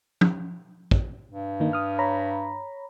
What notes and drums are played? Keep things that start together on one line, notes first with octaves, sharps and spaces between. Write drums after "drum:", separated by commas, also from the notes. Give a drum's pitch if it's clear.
drum: tom
drum: kick
G2
D#3 A#3 D#4
D#6 F6
C#5 A#5 B5